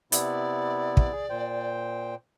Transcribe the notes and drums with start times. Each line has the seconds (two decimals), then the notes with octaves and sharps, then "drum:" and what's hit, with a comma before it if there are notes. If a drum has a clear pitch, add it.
0.12 C3 B3 E4 D5, drum: hi-hat
0.97 drum: kick
1.12 G#4
1.30 A#2 C5 G5